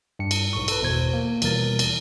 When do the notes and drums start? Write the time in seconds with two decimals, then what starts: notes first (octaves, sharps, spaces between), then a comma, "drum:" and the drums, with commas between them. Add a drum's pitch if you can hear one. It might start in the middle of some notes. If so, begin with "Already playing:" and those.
0.19 G2 C#7
0.31 drum: cymbal
0.53 B1 G#2 C#6
0.68 A4 B4, drum: cymbal
0.81 G#1 E2 B2 C5 G#6
1.13 A#3
1.42 D#2 B2 E3 G3 A#4 A6, drum: cymbal
1.79 drum: cymbal